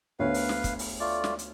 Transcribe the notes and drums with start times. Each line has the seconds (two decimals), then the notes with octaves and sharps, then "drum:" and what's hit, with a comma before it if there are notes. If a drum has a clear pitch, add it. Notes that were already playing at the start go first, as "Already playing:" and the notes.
0.19 D2 B3 B4 C#5 F5
0.34 drum: open hi-hat
0.49 drum: snare
0.64 drum: kick, hi-hat
0.79 drum: open hi-hat
1.00 A3 F4 D5
1.24 drum: snare
1.39 drum: hi-hat